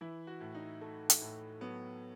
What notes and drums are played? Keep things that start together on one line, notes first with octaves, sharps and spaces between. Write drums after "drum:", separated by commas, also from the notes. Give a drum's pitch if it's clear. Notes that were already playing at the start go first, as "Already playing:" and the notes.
E3 E4
F#4
A2
D#4
A3
drum: hi-hat
A2
F#3 B3